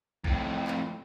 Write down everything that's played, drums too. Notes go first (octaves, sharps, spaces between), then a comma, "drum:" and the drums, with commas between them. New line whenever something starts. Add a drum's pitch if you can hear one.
F2 A2, drum: kick A#1
drum: clap